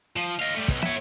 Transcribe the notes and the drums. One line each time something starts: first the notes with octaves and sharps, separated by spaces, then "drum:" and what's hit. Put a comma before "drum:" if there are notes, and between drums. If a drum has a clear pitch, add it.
F3
D#5 F5
G3 A3
B1, drum: kick
C#5 E5, drum: snare